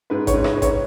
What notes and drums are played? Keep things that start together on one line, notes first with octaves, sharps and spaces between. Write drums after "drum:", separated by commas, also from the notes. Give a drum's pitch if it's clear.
G#2 B4
C#5, drum: kick A1, hi-hat
G#2
B4, drum: rim click
G#2
C#5, drum: kick A1, hi-hat